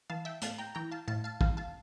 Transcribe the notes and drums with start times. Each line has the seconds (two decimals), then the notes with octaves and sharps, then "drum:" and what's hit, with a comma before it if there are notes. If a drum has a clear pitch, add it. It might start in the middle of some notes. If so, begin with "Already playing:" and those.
0.10 E3 F5 A5
0.25 E5 G5
0.42 A2 F5 A5, drum: hi-hat
0.58 G5 A#5
0.75 E3 G5 A#5
0.92 F5 A5
1.08 A2 F5 A5
1.24 F5 A5
1.41 E3 F5 A5, drum: kick
1.57 F5 A5